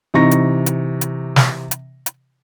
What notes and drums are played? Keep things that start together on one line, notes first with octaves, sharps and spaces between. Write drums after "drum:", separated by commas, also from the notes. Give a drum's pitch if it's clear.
C3 E3 D#4 A#5 C#6 A#6
drum: hi-hat
drum: hi-hat
drum: hi-hat
drum: snare
drum: hi-hat
drum: hi-hat